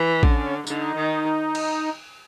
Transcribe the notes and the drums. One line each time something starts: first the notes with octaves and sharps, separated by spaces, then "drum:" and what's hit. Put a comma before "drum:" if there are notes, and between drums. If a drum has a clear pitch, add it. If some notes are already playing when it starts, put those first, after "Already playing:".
Already playing: E3
D3 C#4, drum: kick A1
D3 D#4, drum: tambourine
D#3
drum: cymbal